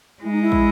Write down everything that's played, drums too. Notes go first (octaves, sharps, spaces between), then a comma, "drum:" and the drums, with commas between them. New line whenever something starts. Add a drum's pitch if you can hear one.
G#3 E4
D#4
E4
drum: kick